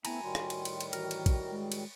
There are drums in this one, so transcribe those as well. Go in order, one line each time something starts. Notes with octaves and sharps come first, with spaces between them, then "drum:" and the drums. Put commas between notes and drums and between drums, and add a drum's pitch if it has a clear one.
A3 B3 C4 E4 G#5 A#5 B5, drum: cymbal
A2 D#3 G3 F#4 C6
drum: rim click
drum: cymbal
drum: cymbal
drum: cymbal
E3 F#4 A#4, drum: cymbal
drum: cymbal
drum: kick A#1, cymbal
G#3
drum: cymbal